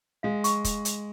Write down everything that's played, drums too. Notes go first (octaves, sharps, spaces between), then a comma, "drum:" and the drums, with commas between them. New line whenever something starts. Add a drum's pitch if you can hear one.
G#3 F5
C#6, drum: hi-hat
drum: kick, hi-hat
drum: hi-hat